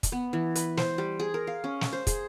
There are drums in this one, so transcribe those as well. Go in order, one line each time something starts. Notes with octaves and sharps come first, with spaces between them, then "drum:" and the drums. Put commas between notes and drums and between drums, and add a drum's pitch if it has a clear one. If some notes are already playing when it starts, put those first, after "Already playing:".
drum: kick, hi-hat
B3
E3
B4, drum: hi-hat
C5, drum: snare
G3
G#4
A#4
F5
C#4
drum: snare
C5
G#4, drum: kick, hi-hat